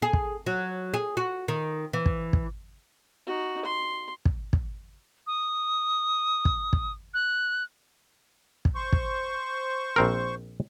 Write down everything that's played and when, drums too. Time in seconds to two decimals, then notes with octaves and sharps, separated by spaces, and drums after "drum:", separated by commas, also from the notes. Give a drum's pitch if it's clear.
0.02 G#4
0.13 drum: kick
0.46 F#3
0.94 G#4
1.17 F#4
1.48 D#3
1.93 E3
2.06 drum: kick
2.33 drum: kick
3.26 D#4 F#4
3.65 C6
4.25 drum: kick
4.53 drum: kick
5.27 D#6
6.45 drum: kick
6.73 drum: kick
7.14 F#6
8.65 drum: kick
8.75 C5 C#6
8.93 drum: kick
9.96 A#1 C4 A#4